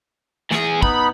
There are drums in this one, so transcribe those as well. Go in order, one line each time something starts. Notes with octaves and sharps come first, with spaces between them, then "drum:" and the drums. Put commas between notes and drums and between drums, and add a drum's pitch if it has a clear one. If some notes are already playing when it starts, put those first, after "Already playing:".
E2 G#4, drum: snare
B3 D#4 B5, drum: kick